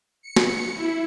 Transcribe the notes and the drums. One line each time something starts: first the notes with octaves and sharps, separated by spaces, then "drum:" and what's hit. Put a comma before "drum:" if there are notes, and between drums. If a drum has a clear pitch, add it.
C#7
drum: snare
E4